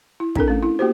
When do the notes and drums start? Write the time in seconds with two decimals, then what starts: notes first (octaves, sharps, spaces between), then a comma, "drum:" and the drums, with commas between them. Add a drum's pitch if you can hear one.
0.20 E4
0.35 C4 D4 A4 A#4, drum: kick
0.48 A3 C#4
0.63 E4
0.79 A#3 B3 F#4 G4 C5